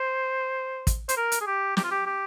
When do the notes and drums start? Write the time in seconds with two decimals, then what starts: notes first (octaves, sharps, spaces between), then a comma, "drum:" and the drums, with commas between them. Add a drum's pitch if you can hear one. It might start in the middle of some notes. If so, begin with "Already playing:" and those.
Already playing: C5
0.87 drum: kick, hi-hat
1.09 C5, drum: hi-hat
1.17 A#4
1.32 drum: hi-hat
1.41 G#4
1.47 G4
1.77 G4, drum: snare
1.84 F4
1.91 G4
2.06 G4